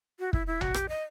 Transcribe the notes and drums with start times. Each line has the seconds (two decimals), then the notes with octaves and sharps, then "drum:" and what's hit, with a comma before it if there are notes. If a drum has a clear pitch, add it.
0.20 F#4
0.33 E4, drum: kick
0.47 E4
0.61 F#4, drum: tom A#1
0.74 G4, drum: rim click
0.89 D#5